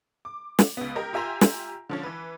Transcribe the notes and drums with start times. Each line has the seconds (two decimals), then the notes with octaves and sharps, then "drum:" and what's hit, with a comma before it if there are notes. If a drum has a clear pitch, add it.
0.25 D6
0.59 drum: snare
0.77 C#2 B3
0.95 G4 A#4 D#5
1.13 F4 G4 E5 G#5 A#5 C6
1.41 drum: snare
1.89 D3 F3 C#4
2.03 E3 B4